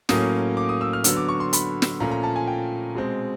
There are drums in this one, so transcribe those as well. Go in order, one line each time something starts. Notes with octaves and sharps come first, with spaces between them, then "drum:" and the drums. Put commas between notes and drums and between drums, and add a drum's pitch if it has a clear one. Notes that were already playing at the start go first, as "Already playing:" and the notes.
A2 F#3 A#3 C#4 D#6, drum: snare
D6
D#6
E6
F6
D3 F#3 B3 E6, drum: hi-hat
D6
C#6
C6
B5, drum: hi-hat
drum: snare
A#2 F3 A3 C#4 A#5
A#5
A5
G#5
G5
B2 G#3 C4